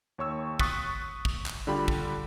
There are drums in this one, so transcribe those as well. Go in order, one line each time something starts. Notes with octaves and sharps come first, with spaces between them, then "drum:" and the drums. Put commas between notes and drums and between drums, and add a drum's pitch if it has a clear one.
D#2 C#5 C#6 E6
C#6 D#6 F#6 A6 B6, drum: kick
drum: kick
drum: clap
D3 G3 F4 G4 B5
drum: kick